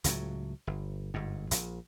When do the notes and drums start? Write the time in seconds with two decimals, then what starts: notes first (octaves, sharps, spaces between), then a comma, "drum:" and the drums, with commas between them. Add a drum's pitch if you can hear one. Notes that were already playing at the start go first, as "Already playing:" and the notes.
0.04 C#2 A2 F3 F#3, drum: hi-hat
0.67 G1
1.14 G1 G#2
1.51 A#1, drum: hi-hat